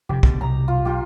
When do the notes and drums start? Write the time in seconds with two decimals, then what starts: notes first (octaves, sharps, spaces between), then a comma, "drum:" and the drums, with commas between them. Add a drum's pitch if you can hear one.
0.09 F1 C3 G4
0.23 B2 D3, drum: kick
0.41 C2 B2 A#5
0.68 F4
0.85 B1 F4 G4